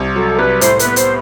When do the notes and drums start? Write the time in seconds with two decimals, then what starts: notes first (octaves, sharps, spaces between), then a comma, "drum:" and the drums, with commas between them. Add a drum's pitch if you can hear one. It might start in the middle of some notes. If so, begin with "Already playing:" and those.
Already playing: C2
0.16 F#3 A4
0.38 C2 B4
0.61 A2 C5, drum: hi-hat
0.79 B4, drum: hi-hat
0.85 B3
0.96 C5, drum: hi-hat